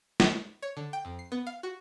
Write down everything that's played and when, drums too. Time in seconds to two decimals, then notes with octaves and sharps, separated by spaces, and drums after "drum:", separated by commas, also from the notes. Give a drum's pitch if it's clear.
0.20 drum: snare
0.62 C#5
0.77 D3
0.93 G5
1.05 F2
1.19 C7
1.32 B3
1.47 F5
1.63 F#4